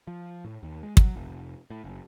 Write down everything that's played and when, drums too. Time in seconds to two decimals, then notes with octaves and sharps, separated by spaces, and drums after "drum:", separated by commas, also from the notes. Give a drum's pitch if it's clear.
0.07 F3
0.45 A2
0.63 D#2
0.83 G#3
0.97 F#3, drum: kick
1.16 F1
1.70 A2
1.84 F#1